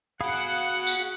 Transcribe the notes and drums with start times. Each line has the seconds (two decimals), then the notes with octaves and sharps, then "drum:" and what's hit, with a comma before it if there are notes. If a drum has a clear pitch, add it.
0.21 F#4 G#4 F5 F#5 B5 D#6
0.87 drum: tambourine